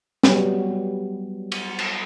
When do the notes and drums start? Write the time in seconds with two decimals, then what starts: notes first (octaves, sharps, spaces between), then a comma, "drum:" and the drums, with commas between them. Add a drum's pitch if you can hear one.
0.23 F#3 G3 B3, drum: snare
1.52 drum: cymbal
1.79 drum: cymbal